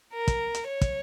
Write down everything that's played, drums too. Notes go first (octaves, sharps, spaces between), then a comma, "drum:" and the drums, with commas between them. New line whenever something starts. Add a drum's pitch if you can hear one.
A#4
drum: kick, hi-hat
drum: hi-hat
C#5
drum: kick, hi-hat